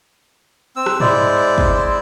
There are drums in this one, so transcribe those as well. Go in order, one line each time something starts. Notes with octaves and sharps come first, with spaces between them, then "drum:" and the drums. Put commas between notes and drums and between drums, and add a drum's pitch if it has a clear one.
C4 E6
drum: rim click
G#3 E4 C5 D5, drum: tom G#2
drum: kick